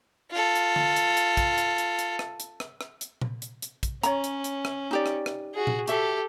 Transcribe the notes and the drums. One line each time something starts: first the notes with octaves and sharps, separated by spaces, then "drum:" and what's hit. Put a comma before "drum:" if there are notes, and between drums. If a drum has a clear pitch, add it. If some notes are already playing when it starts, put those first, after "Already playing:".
F4 A4
drum: hi-hat
drum: tom D3
drum: hi-hat
drum: hi-hat
drum: kick, hi-hat
drum: hi-hat
drum: hi-hat
drum: hi-hat
drum: rim click
drum: hi-hat
drum: rim click
drum: rim click
drum: hi-hat
drum: tom A#2
drum: hi-hat
drum: hi-hat
drum: kick, hi-hat
C#4 C#5 A#5, drum: hi-hat
drum: hi-hat
drum: hi-hat
drum: rim click
D#4 G4 D5
drum: rim click
drum: rim click
F#4 G#4
drum: tom A#2
F#4 G4 A4 E5, drum: hi-hat